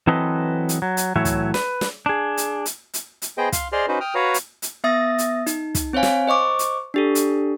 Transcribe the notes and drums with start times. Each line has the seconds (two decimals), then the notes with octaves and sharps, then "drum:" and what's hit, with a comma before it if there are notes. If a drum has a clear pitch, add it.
0.07 E3 F#3 C4 A4 B4 D#5
0.69 drum: hi-hat
0.82 F#3
0.97 drum: hi-hat
1.16 A2 E3 F#3 C#5 E5
1.25 drum: kick, hi-hat
1.54 B4, drum: snare
1.81 drum: snare
2.06 D4 G#4
2.37 drum: hi-hat
2.66 drum: hi-hat
2.94 drum: hi-hat
3.22 drum: hi-hat
3.38 B3 G#4 C5 D#5 G5
3.52 F5 C6, drum: kick, hi-hat
3.72 G#4 C5 D5 D#5 C6 F6
3.88 C#4 D#4 F#4 B4 C5
4.00 G5 D#6 F6
4.15 F#4 B4 C#5 F5 A#5
4.34 drum: hi-hat
4.62 drum: hi-hat
4.84 B3 E5 D#6 A6 A#6
5.18 drum: hi-hat
5.47 D#4, drum: hi-hat
5.75 drum: kick, hi-hat
5.93 C4 C5 C#5 F5 G#5
6.03 drum: snare
6.27 C5 D#5 C#6 D6
6.59 drum: hi-hat
6.94 D4 G4 A4
7.15 drum: hi-hat